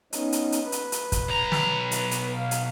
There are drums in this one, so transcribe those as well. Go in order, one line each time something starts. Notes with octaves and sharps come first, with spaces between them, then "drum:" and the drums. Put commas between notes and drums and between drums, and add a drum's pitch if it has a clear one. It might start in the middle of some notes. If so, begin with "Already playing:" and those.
B3 C#4 D#4, drum: hi-hat
drum: hi-hat
drum: hi-hat
B4
drum: hi-hat
drum: hi-hat
drum: kick, hi-hat
B1 A#5
drum: snare
drum: hi-hat
drum: hi-hat
F5
drum: hi-hat